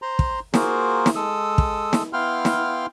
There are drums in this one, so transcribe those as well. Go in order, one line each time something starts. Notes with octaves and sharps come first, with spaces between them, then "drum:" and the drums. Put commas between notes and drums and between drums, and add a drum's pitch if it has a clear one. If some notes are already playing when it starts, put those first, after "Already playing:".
C5 A#5 C6
drum: kick
A#3 F4 F#4 G#4 A#4 C5, drum: snare
drum: snare
G#3 A4 D#6 E6
drum: kick
drum: snare
B3 E4 F5 G5 C6 F6
drum: snare